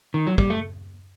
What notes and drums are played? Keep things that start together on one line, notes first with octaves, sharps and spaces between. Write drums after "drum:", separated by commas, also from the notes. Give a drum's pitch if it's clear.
D#3
F#3
G3, drum: kick
A3